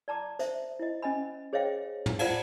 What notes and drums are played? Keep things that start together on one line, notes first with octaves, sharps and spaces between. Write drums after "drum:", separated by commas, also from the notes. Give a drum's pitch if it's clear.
D5 A5 A#5 D6
C5 E5, drum: hi-hat
E4 D#5
C#4 D#5 G#5 B5
G#4 C5 C#5 D#5 F5 G5
drum: tom
F4 C5 D5 F5 F#5, drum: cymbal